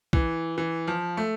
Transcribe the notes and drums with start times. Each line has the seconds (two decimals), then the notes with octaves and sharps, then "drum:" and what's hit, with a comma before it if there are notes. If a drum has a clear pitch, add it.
0.13 E3, drum: kick C2
0.58 E3
0.87 F3
1.17 A3